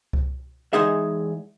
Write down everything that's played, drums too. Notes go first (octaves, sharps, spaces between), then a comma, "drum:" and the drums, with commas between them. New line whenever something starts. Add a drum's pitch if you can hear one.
drum: kick C2
E2 G#3 D#4 G#4 E5